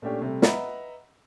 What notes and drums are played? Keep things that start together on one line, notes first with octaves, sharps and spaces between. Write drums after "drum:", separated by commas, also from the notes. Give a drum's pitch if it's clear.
A#2 A3 C#4 D4 G4
C3 G3 A3
B4 D#5 E5 F#5 A#5 B5, drum: snare